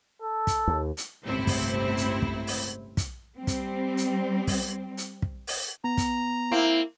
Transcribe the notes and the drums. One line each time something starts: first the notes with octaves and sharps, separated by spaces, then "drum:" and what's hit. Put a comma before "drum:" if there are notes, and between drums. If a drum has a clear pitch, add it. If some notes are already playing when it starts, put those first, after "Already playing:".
A4
drum: kick, hi-hat
D#2
drum: hi-hat
G1 C#2 A2 C3 C4 E4
drum: kick, open hi-hat
drum: hi-hat
drum: kick
drum: open hi-hat
drum: kick, hi-hat
G3 C4
drum: kick, hi-hat
drum: hi-hat
drum: kick, open hi-hat
drum: hi-hat
drum: kick
drum: open hi-hat
B3 A#5
drum: kick, hi-hat
A#3 C4 E4